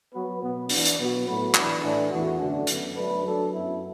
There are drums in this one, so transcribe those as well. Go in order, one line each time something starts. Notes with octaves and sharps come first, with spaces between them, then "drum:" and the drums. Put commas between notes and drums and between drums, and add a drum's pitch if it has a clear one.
F#3 B3 F#4 B4
B2 F#3 B3
E3 B3 D4, drum: open hi-hat
drum: hi-hat
B2 F#3 B3 F#4
A2 F#3 A3 F#4 B4
E3 D4 B4, drum: clap
A2 E3 D4
E2 E3 A3 F#4
F#2 D3 A3 D4
F#2 D3 B3, drum: hi-hat
F#3 A3 D4 B4
F#3 D4 A4
F#2 F#3 B3 E4